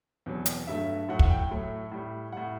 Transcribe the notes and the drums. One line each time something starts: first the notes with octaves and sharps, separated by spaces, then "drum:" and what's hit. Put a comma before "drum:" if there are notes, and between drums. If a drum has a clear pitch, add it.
E2 B2 F#3
drum: hi-hat
G2 F#3 A3 E5
A2 F#3 A3 F#5
F#5, drum: kick
G5
A2 F#3 A3
A2 G3
A2 G3 F#5